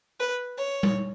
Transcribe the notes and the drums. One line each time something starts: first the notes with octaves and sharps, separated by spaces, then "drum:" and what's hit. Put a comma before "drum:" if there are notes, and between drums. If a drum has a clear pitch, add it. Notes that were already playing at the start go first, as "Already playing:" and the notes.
B4
C#5
drum: tom G3